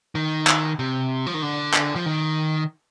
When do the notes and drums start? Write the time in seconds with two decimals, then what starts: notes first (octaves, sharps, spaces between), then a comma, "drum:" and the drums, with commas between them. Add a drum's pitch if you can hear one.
0.15 D#3
0.47 drum: clap
0.79 C3
1.26 F3
1.34 D#3
1.42 D3
1.74 drum: clap
1.96 F3
2.06 D#3